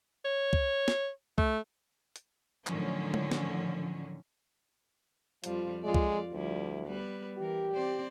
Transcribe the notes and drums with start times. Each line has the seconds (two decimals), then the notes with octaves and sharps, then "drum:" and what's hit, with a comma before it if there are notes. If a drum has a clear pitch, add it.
0.25 C#5
0.53 drum: kick C2
0.88 drum: snare
1.38 A3, drum: kick C2
2.16 drum: hi-hat
2.67 A2 D3 D#3 F3 F#3 C#4, drum: clap
3.14 drum: tom
3.31 drum: snare
5.44 F2 F3 G3 F4, drum: hi-hat
5.83 F2 G#3 F4 D5
5.94 drum: kick C2
6.32 D2 F3 G3 E4
6.86 G3 B3 B4
7.38 E3 G4 A#4
7.74 C4 C5 D5